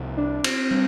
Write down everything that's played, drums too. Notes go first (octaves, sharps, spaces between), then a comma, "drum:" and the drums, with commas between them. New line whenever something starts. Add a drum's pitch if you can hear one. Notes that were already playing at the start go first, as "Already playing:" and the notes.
Already playing: C2 C3 F3
D4
C4, drum: cymbal
G3 D4